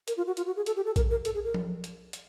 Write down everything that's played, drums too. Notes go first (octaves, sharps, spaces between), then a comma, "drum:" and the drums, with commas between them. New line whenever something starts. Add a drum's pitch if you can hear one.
A#4, drum: hi-hat
F4
F#4
F4, drum: hi-hat
F#4
G#4
A4, drum: hi-hat
G4
A4
A#4, drum: kick A#1, hi-hat
A#4
A4, drum: hi-hat
G#4
A#4
drum: tom F3
drum: hi-hat
drum: hi-hat